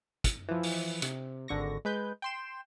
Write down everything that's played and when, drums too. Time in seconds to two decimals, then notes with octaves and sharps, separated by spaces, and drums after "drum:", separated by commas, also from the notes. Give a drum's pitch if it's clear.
0.24 drum: kick, hi-hat
0.48 E3 F3
0.63 drum: open hi-hat
1.02 C3, drum: hi-hat
1.48 G#1 D3 C#6 A#6
1.85 G#3 B4 G6
2.22 G5 C6 E7